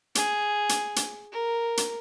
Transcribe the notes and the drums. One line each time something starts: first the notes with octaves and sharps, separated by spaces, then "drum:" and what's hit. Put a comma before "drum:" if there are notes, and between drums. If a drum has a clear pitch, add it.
G#4, drum: hi-hat
drum: hi-hat
drum: hi-hat
A#4
drum: hi-hat